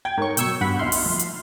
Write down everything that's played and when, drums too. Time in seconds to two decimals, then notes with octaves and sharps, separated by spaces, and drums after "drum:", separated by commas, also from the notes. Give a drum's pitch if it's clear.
0.05 G5 G#6
0.18 G#2 A#4 C#5 C#6
0.37 B2 F#3 C#6 E6 G6, drum: hi-hat
0.61 G2 F#5 B5
0.79 B1 E5 C6 F6
0.92 drum: open hi-hat
1.03 F3 F6
1.19 drum: hi-hat